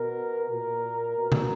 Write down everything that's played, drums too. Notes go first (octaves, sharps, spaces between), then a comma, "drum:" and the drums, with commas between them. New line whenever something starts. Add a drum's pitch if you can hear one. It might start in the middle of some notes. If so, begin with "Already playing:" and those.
Already playing: B2 A#4
A#2 A#4
B2
drum: tom B2